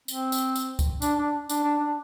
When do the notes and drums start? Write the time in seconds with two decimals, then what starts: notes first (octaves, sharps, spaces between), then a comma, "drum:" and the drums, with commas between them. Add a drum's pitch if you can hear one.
0.08 C4, drum: tambourine
0.32 drum: tambourine
0.56 drum: tambourine
0.79 drum: kick C#2, tambourine
1.02 D4, drum: tambourine
1.18 D4
1.50 D4, drum: tambourine
1.64 D4
1.80 D4